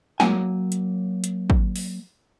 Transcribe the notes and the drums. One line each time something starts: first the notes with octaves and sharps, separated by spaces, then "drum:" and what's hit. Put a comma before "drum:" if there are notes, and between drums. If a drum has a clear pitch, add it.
F#3 A#3 G#5, drum: snare
drum: hi-hat
drum: hi-hat
drum: kick
drum: open hi-hat